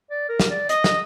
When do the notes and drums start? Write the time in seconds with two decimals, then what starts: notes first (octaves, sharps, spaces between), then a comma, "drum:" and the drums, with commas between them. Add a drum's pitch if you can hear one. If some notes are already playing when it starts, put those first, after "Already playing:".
0.10 D5
0.29 A#4
0.40 drum: snare
0.50 D5
0.69 D#5, drum: hi-hat
0.84 drum: snare